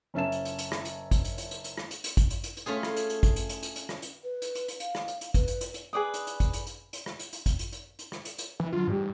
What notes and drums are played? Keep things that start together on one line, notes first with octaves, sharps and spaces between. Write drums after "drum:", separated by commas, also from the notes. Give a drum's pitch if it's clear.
F#1 C#4 E5 A5 E7
drum: hi-hat
drum: hi-hat
drum: hi-hat
drum: rim click
drum: hi-hat
drum: kick, hi-hat
drum: hi-hat
drum: hi-hat
drum: hi-hat
drum: hi-hat
drum: rim click
drum: hi-hat
drum: hi-hat
drum: kick, hi-hat
drum: hi-hat
drum: hi-hat
drum: hi-hat
A3 C#4 F4 G#4
drum: rim click
drum: hi-hat
drum: hi-hat
drum: kick, hi-hat
drum: hi-hat
drum: hi-hat
drum: hi-hat
drum: hi-hat
drum: rim click
drum: hi-hat
B4
drum: hi-hat
drum: hi-hat
drum: hi-hat
F5, drum: hi-hat
drum: rim click
drum: hi-hat
drum: hi-hat
B4, drum: kick, hi-hat
drum: hi-hat
drum: hi-hat
drum: hi-hat
G#4 B4 D5 D#6
drum: hi-hat
drum: hi-hat
drum: kick, hi-hat
drum: hi-hat
drum: hi-hat
drum: hi-hat
drum: rim click
drum: hi-hat
drum: hi-hat
drum: kick, hi-hat
drum: hi-hat
drum: hi-hat
drum: hi-hat
drum: rim click
drum: hi-hat
drum: hi-hat
E3
D3 F#3 F4
G#2 E3 G3 G4